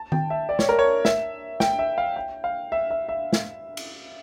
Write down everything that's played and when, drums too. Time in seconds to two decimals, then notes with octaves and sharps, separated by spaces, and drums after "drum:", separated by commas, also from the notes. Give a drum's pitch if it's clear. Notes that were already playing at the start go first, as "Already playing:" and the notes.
Already playing: A5
0.12 G5, drum: tom D#3
0.30 E5
0.49 D5
0.59 C#5, drum: snare
0.69 A#4
0.79 C#5
1.05 E5, drum: snare
1.60 G5, drum: snare
1.79 E5
1.98 F5
2.16 G5
2.44 F5
2.72 E5
2.90 E5
3.09 E5
3.33 drum: snare
3.77 drum: cymbal